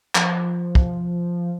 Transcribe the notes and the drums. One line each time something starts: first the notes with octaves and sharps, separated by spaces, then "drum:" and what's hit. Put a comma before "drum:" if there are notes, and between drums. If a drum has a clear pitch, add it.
F3, drum: clap
drum: kick